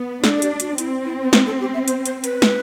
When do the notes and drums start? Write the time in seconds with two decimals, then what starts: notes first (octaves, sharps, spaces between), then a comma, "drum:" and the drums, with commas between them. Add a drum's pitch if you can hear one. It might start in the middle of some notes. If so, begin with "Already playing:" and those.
Already playing: B3
0.24 D4 A4, drum: snare
0.38 A4
0.42 G4, drum: hi-hat
0.60 F#4, drum: hi-hat
0.78 C4 E4, drum: hi-hat
1.05 E4
1.23 C5
1.33 B4, drum: snare
1.46 A4
1.60 G4
1.74 E5
1.88 C5, drum: hi-hat
2.06 C5, drum: hi-hat
2.24 B4, drum: hi-hat
2.42 drum: snare